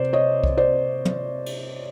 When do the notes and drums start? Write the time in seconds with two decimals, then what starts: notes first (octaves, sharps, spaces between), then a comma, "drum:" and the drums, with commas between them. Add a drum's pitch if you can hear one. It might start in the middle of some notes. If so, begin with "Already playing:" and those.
Already playing: C3 C5 D5
0.13 C#5 D#5
0.44 drum: kick C2
0.57 C5 D5
1.05 drum: tom
1.46 drum: cymbal